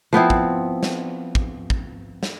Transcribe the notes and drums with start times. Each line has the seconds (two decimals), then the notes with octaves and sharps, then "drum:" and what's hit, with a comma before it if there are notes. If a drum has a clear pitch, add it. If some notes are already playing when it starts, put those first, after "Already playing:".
0.13 F3 B3 C4 E4
0.30 drum: kick
0.83 drum: snare
1.35 drum: kick
1.70 drum: kick
2.23 drum: snare